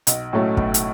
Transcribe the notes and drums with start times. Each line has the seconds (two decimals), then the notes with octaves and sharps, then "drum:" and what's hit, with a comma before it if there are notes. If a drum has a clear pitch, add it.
0.07 B1, drum: hi-hat
0.33 A2 F#3 A3 C#4
0.57 B1, drum: kick
0.74 drum: hi-hat